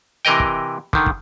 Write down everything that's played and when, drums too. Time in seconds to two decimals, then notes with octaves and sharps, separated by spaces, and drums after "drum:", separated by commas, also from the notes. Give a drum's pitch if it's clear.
0.25 C3 E3 A#4 D#5 G5
0.40 drum: kick
0.93 D3 D#3, drum: kick
1.06 drum: kick